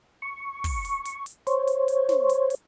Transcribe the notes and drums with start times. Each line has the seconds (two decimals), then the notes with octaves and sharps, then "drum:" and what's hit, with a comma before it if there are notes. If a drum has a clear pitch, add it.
0.22 C#6
0.64 drum: kick, open hi-hat
0.85 drum: hi-hat
1.05 drum: hi-hat
1.26 drum: hi-hat
1.47 C5 C#5, drum: hi-hat
1.67 drum: hi-hat
1.88 drum: hi-hat
2.09 drum: snare
2.29 drum: hi-hat
2.50 drum: hi-hat